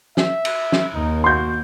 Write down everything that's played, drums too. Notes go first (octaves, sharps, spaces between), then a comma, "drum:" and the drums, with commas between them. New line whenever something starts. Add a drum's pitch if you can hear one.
E5, drum: snare
drum: cymbal
drum: snare
D#2 D#4
F#4 C6 G6